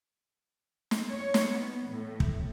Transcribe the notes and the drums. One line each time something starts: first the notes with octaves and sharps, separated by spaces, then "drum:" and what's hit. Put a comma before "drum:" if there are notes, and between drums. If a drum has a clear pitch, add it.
drum: snare
C#5
drum: snare
B3
A2
drum: kick